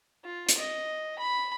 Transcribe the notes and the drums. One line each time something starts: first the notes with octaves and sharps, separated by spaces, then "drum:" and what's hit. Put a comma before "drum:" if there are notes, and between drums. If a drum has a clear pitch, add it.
F4
drum: hi-hat
D#5
B5